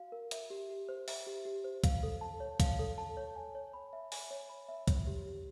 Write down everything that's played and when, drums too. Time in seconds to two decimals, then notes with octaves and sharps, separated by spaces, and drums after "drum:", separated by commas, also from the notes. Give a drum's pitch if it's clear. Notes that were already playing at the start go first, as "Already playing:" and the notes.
Already playing: F#4 F5
0.12 A#4
0.31 E5, drum: hi-hat
0.50 G4
0.70 G4
0.89 C5
1.08 E5, drum: open hi-hat
1.27 G4
1.45 G4
1.64 C5
1.84 F5, drum: kick C2, hi-hat
2.03 A4
2.21 A5
2.40 C#5
2.60 F5, drum: kick C2, hi-hat
2.79 A4
2.98 A5
3.17 C#5
3.36 G#5
3.55 C#5
3.74 B5
3.93 E5
4.12 G#5, drum: open hi-hat
4.31 C#5
4.49 B5
4.69 E5
4.87 C#5, drum: kick C2, hi-hat
5.07 G4
5.25 G4